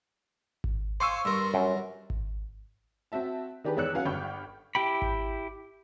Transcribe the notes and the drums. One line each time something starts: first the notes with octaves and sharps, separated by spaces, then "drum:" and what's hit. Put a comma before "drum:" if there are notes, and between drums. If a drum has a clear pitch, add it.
drum: kick G#1
C5 F5 G#5 C6 C#6 E6
G2 A#4
F#2
drum: kick G#1
C4 F#4 E5 A5
D#3 D4 G4 G#4 B4
E2 C#5 D5 E6 F#6 C#7
F#3 B3 C#4 F5 F#5
G1 G5 B5 C#6 F6 G6
E4 G4 G5 B5
drum: kick G#1